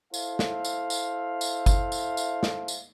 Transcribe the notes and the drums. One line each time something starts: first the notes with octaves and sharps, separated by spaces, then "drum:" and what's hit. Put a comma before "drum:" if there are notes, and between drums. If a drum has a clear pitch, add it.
E4 A4 C5 E5 F5, drum: tambourine
drum: snare
drum: tambourine
drum: tambourine
drum: tambourine
drum: kick G1, tambourine
drum: tambourine
drum: tambourine
drum: snare
drum: tambourine